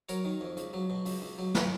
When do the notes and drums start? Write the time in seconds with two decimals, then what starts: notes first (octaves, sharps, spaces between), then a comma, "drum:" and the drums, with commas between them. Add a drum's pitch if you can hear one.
0.09 F#3 A#4 C#5, drum: hi-hat
0.25 D#3
0.41 F2
0.57 C#2, drum: hi-hat
0.73 F#3
0.90 B2
1.06 C#2, drum: open hi-hat
1.22 C#2
1.38 F#3
1.55 B2 A#4 C#5, drum: snare